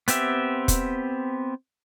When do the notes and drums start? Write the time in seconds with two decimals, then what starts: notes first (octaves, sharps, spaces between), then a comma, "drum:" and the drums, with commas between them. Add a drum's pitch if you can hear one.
0.08 B3 C4 G4 E5, drum: hi-hat
0.68 drum: kick, hi-hat